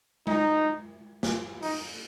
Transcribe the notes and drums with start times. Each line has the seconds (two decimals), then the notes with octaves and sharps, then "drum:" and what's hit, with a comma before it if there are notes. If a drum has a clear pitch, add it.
0.27 D#4, drum: tom G#3
1.23 drum: snare
1.62 D#4, drum: open hi-hat